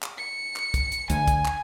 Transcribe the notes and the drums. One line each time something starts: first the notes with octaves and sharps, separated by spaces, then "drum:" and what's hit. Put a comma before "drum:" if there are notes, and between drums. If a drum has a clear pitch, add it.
drum: clap
C#7
drum: clap
drum: kick, hi-hat
drum: hi-hat
D2 G#5, drum: hi-hat
drum: kick, hi-hat
drum: clap